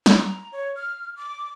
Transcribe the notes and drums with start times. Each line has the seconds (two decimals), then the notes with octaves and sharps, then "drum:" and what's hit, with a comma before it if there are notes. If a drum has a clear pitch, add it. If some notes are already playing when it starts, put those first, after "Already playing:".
0.06 drum: snare
0.17 A#5
0.52 C#5
0.76 F6
1.16 D6